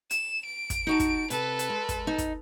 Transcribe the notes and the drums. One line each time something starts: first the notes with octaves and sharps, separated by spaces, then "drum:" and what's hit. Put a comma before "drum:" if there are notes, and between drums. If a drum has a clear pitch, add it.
E7, drum: hi-hat
D7
drum: kick, hi-hat
D#4 F#4 A5
drum: kick, hi-hat
C3 A4 B4, drum: hi-hat
drum: hi-hat
G#3
drum: kick, hi-hat
D#4
drum: kick, hi-hat